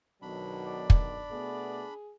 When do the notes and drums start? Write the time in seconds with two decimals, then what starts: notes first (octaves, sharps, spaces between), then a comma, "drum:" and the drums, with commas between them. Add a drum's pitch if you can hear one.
0.22 B1 B2 D#3 F#3 D4 B5
0.66 D5
0.90 drum: kick
1.31 B2 A3 B3 G#4